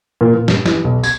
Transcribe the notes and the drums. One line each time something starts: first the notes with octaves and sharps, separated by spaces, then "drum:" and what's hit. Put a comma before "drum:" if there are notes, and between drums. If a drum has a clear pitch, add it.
A#2
A#2
G2, drum: snare
E3, drum: snare
B1
G#6, drum: tambourine